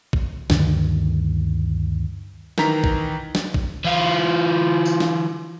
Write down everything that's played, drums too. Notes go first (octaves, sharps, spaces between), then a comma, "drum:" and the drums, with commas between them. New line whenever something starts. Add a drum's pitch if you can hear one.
drum: kick A1
D2 G2 D3 D#3, drum: snare
D#3 E3 A#5 B6, drum: snare
drum: kick A1
drum: snare
drum: kick A1
E3 F4
drum: tambourine
drum: snare